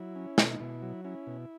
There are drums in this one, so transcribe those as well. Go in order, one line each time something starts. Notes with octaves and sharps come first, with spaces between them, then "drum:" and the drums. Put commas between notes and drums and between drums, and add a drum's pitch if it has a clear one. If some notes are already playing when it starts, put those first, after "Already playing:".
Already playing: F#3 E4
C#4
B2, drum: snare
D#4
B2 E4
F#3
C#4 E4
B2